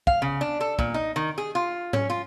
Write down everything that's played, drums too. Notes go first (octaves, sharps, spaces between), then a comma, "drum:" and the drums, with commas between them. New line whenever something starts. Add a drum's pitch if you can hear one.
F5, drum: kick
C#3
D4
A4
A#2, drum: kick
D#4
D#3
G#4
F4
C#4, drum: tom G#2
F4